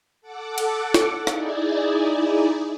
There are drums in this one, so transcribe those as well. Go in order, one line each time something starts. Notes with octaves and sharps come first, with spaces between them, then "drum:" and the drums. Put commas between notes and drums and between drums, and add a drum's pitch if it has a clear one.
A4 F#5 D6
drum: cymbal
drum: snare
D#4 E4 G#4 D5, drum: rim click